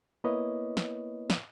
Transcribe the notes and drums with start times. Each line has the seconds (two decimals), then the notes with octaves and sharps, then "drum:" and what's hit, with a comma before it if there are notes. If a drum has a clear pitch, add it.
0.24 A#3 B3 E4 B4 C#5 D#5
0.77 drum: snare
1.30 drum: snare